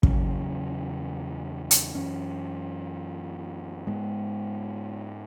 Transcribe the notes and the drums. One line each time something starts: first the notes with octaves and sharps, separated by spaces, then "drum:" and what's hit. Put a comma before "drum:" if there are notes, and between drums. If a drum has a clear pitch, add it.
E2 C#3 F#3 C#4, drum: kick
drum: hi-hat
F#2 E3 C#4
G#2 G#3 B3